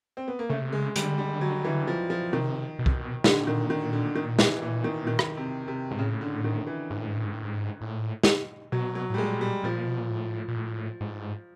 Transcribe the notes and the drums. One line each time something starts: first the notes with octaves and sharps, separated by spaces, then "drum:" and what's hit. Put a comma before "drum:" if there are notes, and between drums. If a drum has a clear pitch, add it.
C4
B3
A#3
C#3 A3
C3
C#3 G#3
D3 G3, drum: hi-hat
G3
F#3
E3
F3
F3
C3 D#3
B2
C3, drum: kick
B2
A#2 D3, drum: snare
D#3
D#3
D3
D#3
E3, drum: snare
E3
D#3
D#3
drum: rim click
C3
C3
G#2
A2 C#3
D3
D#3
E3
G#2
A2
G#2
A2
G#2
A2
G#2
A2
drum: snare
B2 F#3
F#3
A2
G3
A#2 G#3
G3
A#2 F3
B2
A#2
A2
A#2
A2
G#2